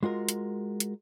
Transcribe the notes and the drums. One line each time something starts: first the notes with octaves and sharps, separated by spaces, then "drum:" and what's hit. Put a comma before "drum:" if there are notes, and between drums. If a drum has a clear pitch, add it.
G#3 F4 F#4 A#4
drum: hi-hat
drum: hi-hat